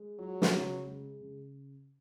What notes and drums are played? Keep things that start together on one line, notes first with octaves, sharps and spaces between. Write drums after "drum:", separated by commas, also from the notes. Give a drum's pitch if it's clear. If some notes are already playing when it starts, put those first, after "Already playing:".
Already playing: G#3
F#3 F4
drum: snare
C#3
G#3
C#3